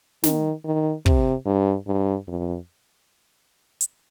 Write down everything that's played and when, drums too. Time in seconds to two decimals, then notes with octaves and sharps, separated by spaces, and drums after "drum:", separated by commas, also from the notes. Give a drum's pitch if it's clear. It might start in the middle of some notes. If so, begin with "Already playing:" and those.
0.24 D#3, drum: snare
0.65 D#3
1.06 C3, drum: kick
1.46 G2
1.87 G2
2.28 F2
3.81 drum: hi-hat